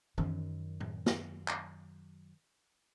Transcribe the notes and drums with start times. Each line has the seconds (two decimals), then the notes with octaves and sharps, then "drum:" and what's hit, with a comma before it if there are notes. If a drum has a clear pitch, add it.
0.18 F#2 D#3, drum: tom E3
0.80 drum: tom A2
1.06 drum: snare
1.48 drum: clap